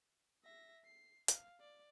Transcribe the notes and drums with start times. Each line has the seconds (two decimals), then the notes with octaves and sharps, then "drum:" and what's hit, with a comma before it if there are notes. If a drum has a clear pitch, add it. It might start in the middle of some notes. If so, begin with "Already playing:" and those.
0.43 E5 A#6
0.85 C7
1.28 F5, drum: hi-hat
1.60 D5